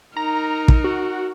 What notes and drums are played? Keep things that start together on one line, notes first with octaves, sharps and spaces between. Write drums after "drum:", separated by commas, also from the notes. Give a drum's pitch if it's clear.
D#4 A#4 A#5
drum: kick
F#4